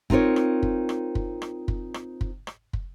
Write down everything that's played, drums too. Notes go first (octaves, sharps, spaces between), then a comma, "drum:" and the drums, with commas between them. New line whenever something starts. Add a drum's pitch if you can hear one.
C4 D#4 F4 A#4 C#5, drum: kick
drum: rim click
drum: kick
drum: rim click
drum: kick
drum: rim click
drum: kick
drum: rim click
drum: kick
drum: rim click
drum: kick